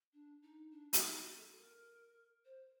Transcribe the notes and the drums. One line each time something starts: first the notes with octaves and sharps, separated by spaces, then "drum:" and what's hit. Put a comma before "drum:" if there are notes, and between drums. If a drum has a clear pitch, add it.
D4
D#4
D4
D#4, drum: hi-hat
F#4
A4
A#4
C5